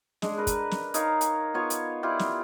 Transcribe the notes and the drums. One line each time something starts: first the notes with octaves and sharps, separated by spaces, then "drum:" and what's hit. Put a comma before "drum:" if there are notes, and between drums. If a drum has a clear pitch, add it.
G#3 D4, drum: snare
A#4 B4
drum: kick, hi-hat
drum: snare
D#4 A#4 C#5 F5, drum: hi-hat
drum: hi-hat
B3 F4 C#5
drum: hi-hat
E4 F4 G4 D5
drum: snare